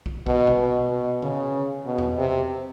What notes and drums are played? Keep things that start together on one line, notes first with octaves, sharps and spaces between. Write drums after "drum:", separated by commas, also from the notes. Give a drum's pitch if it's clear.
drum: kick
B2, drum: kick
drum: tom B2
B2
B2
C#3, drum: tom D3
B2
drum: tom E2
C3